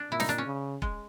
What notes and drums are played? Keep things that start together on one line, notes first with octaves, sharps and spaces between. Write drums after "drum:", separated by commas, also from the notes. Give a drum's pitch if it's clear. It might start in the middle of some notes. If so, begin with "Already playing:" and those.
Already playing: D4
A#2 E4
D#4, drum: snare
D4
C#4
C#3
G#3, drum: kick E1